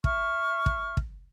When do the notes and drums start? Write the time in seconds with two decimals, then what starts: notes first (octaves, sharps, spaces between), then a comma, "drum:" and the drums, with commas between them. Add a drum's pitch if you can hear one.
0.04 E5 C#6 F6, drum: kick
0.66 drum: kick
0.97 drum: kick